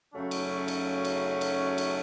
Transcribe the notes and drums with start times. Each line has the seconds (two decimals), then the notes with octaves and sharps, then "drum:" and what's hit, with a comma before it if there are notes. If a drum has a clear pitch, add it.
0.13 F#2 C#3 F#3 A3 C#4
0.31 drum: cymbal
0.68 drum: cymbal
1.05 drum: cymbal
1.41 drum: cymbal
1.78 drum: cymbal